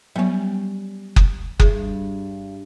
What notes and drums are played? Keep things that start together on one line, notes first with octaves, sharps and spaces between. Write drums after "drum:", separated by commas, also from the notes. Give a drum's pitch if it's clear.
F#3 G3 B3 C#4
drum: kick F#1
G2 G#4, drum: kick F#1